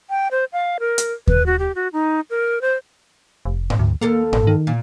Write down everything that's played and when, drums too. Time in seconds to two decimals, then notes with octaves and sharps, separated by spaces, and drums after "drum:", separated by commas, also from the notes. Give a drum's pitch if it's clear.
0.10 G5
0.31 C5
0.53 F5
0.80 A#4
0.98 drum: hi-hat
1.27 B4, drum: kick D#2
1.46 F#4
1.59 G4
1.75 F#4
1.93 D#4
2.30 A#4
2.61 C5
3.45 F1
3.70 drum: tom G#2
3.79 D2
4.01 D#2 A#3 A4 A#4
4.33 G#1, drum: tom G#2
4.47 D#3
4.67 A#2